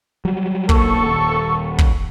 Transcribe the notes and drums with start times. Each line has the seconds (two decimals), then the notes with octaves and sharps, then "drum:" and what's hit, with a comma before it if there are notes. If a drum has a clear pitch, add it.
0.25 F#3 G3
0.69 B1 A#3 A4 C#6, drum: kick
1.04 D#1
1.78 drum: kick